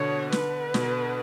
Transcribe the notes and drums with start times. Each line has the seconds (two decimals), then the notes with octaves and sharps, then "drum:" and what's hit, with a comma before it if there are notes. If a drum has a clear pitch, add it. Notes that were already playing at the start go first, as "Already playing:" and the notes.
Already playing: B2 D3 C#5
0.32 B4, drum: snare
0.74 B2, drum: snare